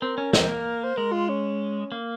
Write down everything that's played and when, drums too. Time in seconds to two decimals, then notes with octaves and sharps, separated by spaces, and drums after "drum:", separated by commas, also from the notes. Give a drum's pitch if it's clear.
0.02 C4 A#4
0.18 C#4
0.33 C4, drum: snare
0.49 A#3
0.84 C5
0.97 G#3 A#4
1.12 F4
1.29 C#4
1.92 A#3